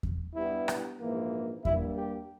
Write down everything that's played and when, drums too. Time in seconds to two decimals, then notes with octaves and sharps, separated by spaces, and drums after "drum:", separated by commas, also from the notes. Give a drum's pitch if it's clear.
0.03 drum: kick E2
0.36 G2 G3 B3 E4
0.68 drum: rim click
1.00 A#1 G#2 E3 A#3
1.65 G2 G3 A#3 E4, drum: kick E2
1.97 G4